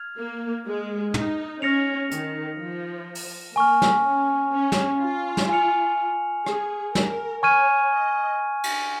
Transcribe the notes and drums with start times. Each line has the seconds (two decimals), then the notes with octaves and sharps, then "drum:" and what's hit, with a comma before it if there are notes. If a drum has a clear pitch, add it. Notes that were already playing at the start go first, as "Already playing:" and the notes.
Already playing: F6 G#6 F7
0.17 A#3
0.66 G#3
1.14 D#4, drum: tom
1.62 C#4 F6 A#6 C#7 F7
2.11 D#3, drum: hi-hat
2.59 F3
3.15 drum: open hi-hat
3.56 A#3 G#5 C#6 F6
3.82 drum: snare
4.04 C#4
4.52 C#4
4.72 drum: snare
5.01 F4
5.37 drum: snare
5.49 G#5 F6 C#7 F7
6.46 G#4, drum: rim click
6.95 A#4, drum: snare
7.43 C#5 G#5 C#6 F6 G#6 D#7
7.92 D#5
8.64 drum: cymbal